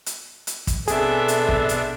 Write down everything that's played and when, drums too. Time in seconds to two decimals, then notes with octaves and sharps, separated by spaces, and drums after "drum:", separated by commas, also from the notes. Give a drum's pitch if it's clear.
0.06 drum: hi-hat
0.47 drum: hi-hat
0.67 drum: kick, hi-hat
0.88 B2 C4 D4 G#4 A4 E5, drum: hi-hat
1.28 drum: hi-hat
1.49 drum: kick
1.69 drum: hi-hat